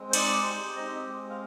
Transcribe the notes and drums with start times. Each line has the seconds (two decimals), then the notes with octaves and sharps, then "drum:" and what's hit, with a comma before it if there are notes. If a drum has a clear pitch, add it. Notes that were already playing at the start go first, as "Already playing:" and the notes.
Already playing: G#3 C4
0.10 C5
0.13 D#4 D5, drum: cymbal
0.44 G4
0.75 C4 D#5
1.06 G#3
1.30 F5